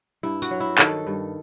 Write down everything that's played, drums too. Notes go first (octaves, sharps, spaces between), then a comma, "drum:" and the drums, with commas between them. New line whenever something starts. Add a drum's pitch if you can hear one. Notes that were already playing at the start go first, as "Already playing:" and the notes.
G2 E4
F#4, drum: tambourine
F#3
E4
D#3 A4, drum: clap
G2